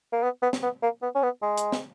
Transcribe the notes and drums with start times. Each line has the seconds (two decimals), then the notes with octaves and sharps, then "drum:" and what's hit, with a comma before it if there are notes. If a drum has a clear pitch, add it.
0.13 A#3
0.23 B3
0.42 B3
0.53 drum: snare
0.63 B3
0.83 A#3
1.02 B3
1.15 C#4
1.23 B3
1.43 G#3
1.57 drum: hi-hat
1.72 drum: snare